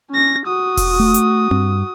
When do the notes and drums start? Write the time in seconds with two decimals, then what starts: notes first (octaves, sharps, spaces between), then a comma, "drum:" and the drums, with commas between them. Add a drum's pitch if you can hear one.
0.10 C#4 A#6
0.46 F#4 D#6
0.77 drum: kick E1, open hi-hat
0.99 A3
1.14 drum: hi-hat
1.51 G2, drum: tom C4